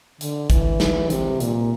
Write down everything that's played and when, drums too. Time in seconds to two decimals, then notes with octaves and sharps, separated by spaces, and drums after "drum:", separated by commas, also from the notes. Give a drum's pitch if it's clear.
0.21 D3, drum: hi-hat
0.50 E3, drum: kick, hi-hat
0.80 drum: snare
1.10 C3, drum: hi-hat
1.40 A#2, drum: hi-hat